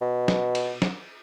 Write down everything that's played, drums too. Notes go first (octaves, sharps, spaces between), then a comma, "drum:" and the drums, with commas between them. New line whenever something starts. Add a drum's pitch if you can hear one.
B2
drum: snare
drum: cymbal
drum: snare